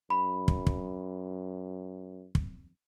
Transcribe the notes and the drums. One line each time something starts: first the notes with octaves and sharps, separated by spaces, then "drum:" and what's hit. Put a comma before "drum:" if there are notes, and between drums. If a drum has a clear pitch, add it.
F#2 B5
drum: kick
drum: kick
drum: kick